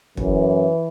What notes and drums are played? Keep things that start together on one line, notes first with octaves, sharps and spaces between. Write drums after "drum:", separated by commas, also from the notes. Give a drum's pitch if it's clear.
F#2 E3, drum: kick